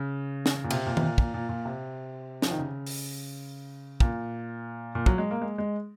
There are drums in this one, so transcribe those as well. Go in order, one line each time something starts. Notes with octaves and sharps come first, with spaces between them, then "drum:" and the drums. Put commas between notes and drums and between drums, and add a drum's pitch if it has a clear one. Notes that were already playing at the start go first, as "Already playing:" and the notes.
Already playing: C#3
drum: snare
A#2
C3, drum: cymbal
A#2
C3, drum: tom D#3
A#2
A#2, drum: kick
A#2
A#2
C3
F3, drum: snare
D#3
C#3
drum: open hi-hat
A#2, drum: kick
A#2
F#3, drum: kick
G#3
A#3
G#3
G#3